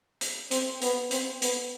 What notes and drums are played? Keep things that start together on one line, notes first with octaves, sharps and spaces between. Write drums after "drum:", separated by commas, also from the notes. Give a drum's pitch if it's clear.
drum: hi-hat
C4, drum: hi-hat
B3, drum: hi-hat
C4, drum: hi-hat
B3, drum: hi-hat